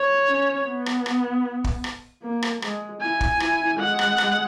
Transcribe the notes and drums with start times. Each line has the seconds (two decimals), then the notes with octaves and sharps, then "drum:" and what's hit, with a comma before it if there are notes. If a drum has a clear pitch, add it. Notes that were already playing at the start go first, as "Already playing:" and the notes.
Already playing: C#5
0.28 C#4
0.67 B3
0.86 drum: rim click
1.06 drum: rim click
1.64 drum: kick
1.84 drum: rim click
2.23 A#3
2.42 drum: rim click
2.62 G#3, drum: rim click
3.01 E4 G#5
3.21 drum: kick
3.40 E4, drum: rim click
3.79 G#3 F#5
3.99 drum: rim click
4.18 drum: rim click